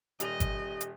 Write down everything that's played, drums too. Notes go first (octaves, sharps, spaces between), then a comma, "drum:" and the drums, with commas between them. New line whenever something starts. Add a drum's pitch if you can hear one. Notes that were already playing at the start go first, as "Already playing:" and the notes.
D#1 G3 D#5 F7, drum: hi-hat
drum: kick G1, hi-hat
drum: hi-hat